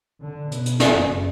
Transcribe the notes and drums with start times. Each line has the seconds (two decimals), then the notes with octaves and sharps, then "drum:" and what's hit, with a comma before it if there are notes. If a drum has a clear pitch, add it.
0.21 D3
0.52 B2, drum: hi-hat
0.66 drum: hi-hat
0.80 drum: snare
0.90 F#1